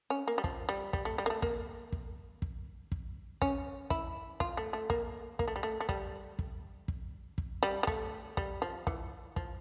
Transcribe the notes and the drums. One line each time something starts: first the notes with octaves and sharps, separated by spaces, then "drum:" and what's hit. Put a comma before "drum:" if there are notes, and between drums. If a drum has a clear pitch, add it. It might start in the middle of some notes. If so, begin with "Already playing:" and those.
C#4
A#3
G3
F3, drum: kick
G3
G3, drum: kick
A3
G3
A#3
A3
A#3, drum: kick
drum: kick
drum: kick
drum: kick
C#4, drum: kick
E4, drum: kick
F4, drum: kick
A3
A3
A#3, drum: kick
A#3, drum: kick
A3
G3
A3
A3
G3, drum: kick
drum: kick
drum: kick
drum: kick
G3
G3
A3, drum: kick
G3, drum: kick
F3
E3, drum: kick
F3, drum: kick